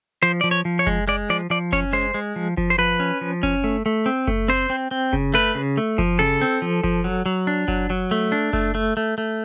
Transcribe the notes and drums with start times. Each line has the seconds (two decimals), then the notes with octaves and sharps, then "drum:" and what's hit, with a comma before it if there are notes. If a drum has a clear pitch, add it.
0.23 F3 C5
0.41 F3 D5
0.51 C#5
0.65 F3
0.79 C#5
0.87 G#3, drum: kick F#1
1.08 G#3 D5
1.30 F3 D5
1.50 F3 D5
1.72 C#4 C#5, drum: kick F#1
1.93 G#3 C5
2.14 G#3
2.36 F3
2.57 F3, drum: kick F#1
2.70 C5
2.78 F3 B4
3.00 C#4
3.21 F3
3.43 C#4, drum: kick F#1
3.64 A3
3.86 A3
4.06 C4
4.27 A3, drum: kick F#1
4.48 C4 C5
4.70 C4
4.91 C4
5.13 C#3, drum: kick F#1
5.34 A3 B4
5.55 C#3
5.77 A3
5.98 F3, drum: kick F#1
6.19 C#3 A4
6.41 C4
6.62 F3
6.84 F3, drum: kick F#1
7.04 F#3
7.26 F#3
7.47 D4
7.68 F#3, drum: kick F#1
7.90 F#3
8.11 A3
8.32 D4
8.53 A3, drum: kick F#1
8.75 A3
8.97 A3
9.18 A3